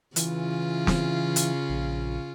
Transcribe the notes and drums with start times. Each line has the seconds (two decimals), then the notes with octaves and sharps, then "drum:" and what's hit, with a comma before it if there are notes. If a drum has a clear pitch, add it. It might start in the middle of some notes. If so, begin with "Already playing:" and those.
0.16 C#3 E3 F4, drum: hi-hat
0.87 drum: snare
1.36 drum: hi-hat
1.69 A#1